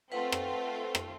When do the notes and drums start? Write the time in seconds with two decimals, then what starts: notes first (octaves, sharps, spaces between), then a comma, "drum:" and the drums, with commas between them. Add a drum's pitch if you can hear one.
0.12 A3 C4 F4 B4 F#5
0.32 drum: rim click
0.95 drum: rim click